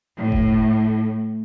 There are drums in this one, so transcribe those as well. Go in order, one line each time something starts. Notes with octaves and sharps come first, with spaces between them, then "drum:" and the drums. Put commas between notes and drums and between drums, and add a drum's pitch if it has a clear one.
A2
drum: kick F1